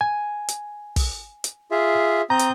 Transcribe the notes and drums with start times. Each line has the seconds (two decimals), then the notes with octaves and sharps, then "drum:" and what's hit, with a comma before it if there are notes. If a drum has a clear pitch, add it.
0.01 G#5
0.48 drum: hi-hat
0.96 drum: kick, open hi-hat
1.44 drum: hi-hat
1.71 F4 G#4 E5
2.30 C4 A#5 D#6 G6
2.39 drum: hi-hat